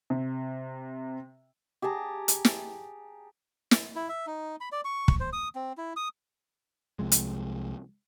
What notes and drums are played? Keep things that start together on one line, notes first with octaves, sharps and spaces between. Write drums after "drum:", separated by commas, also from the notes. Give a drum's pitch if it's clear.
C3
G4 G#4 A5 A#5
drum: hi-hat
drum: snare
drum: snare
E4
E5
D#4
B5
D5
C#6
drum: kick
C5
D#6
C4
E4
D#6
C2 C3 F3 G#3
drum: hi-hat